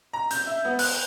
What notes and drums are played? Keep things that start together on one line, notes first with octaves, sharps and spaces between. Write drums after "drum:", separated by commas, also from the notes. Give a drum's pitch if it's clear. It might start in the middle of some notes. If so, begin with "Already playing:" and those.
A#5
G6, drum: hi-hat
E5
B3
F#6, drum: open hi-hat